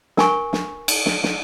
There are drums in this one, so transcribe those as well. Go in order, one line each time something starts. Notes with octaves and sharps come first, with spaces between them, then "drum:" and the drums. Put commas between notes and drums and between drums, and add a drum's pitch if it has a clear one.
A#4 G#5 C#6, drum: snare
drum: snare
drum: cymbal
drum: snare
drum: snare